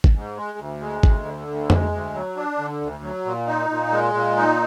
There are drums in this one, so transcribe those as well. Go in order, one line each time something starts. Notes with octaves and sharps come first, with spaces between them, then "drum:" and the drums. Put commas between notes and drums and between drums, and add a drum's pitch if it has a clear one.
drum: kick G#1
G#2
G#3
D2
G#3
D2, drum: kick G#1
D3
D2
G#3, drum: tom F2
D2
F#3
D4
D3
D2
F#3
A#2
D#4
A#2
G#3
A#2
D#4